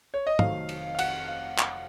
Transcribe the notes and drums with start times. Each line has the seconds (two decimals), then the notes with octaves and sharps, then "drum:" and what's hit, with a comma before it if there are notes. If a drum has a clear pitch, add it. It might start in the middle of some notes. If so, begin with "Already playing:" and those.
0.14 C#5
0.27 D#5
0.39 F1 F2 D#3 F#3 A3 F5, drum: tom
0.69 drum: cymbal
0.95 F5
0.99 F#5, drum: cymbal
1.28 F5
1.58 drum: clap